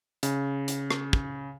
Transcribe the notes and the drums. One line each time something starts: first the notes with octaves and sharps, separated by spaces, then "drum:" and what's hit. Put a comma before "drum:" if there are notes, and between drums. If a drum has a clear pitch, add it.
C#3, drum: hi-hat
drum: hi-hat
drum: rim click
drum: kick